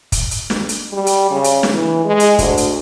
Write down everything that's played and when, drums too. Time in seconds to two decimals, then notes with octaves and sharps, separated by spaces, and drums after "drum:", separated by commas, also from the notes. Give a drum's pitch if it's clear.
0.12 drum: kick, hi-hat
0.31 drum: hi-hat
0.50 drum: snare
0.69 drum: hi-hat
0.93 G3
1.06 drum: hi-hat
1.31 C#3
1.44 drum: hi-hat
1.63 drum: snare
1.73 E3
2.05 G#3
2.20 drum: hi-hat
2.39 D2, drum: kick, hi-hat
2.57 drum: hi-hat